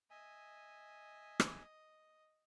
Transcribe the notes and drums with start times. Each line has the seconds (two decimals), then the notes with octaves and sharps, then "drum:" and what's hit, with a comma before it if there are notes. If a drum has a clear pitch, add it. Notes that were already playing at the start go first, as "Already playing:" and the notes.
0.11 D#5 E5 G#5
1.40 drum: rim click